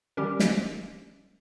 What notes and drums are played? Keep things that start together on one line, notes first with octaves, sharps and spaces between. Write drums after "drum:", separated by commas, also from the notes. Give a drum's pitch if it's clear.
D#3 G3 C#4 G4 A#4
drum: snare